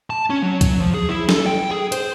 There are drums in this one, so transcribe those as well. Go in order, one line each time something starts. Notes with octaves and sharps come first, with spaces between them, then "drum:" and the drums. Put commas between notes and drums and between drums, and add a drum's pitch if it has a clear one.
A5
C#4
F#3
drum: kick, hi-hat
F3
G#4
E4
A4, drum: snare
G5
G#4
C5, drum: hi-hat